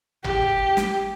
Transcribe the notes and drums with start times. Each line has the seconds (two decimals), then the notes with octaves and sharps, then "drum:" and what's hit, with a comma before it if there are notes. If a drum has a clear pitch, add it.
0.24 G4, drum: tom G#1
0.77 drum: snare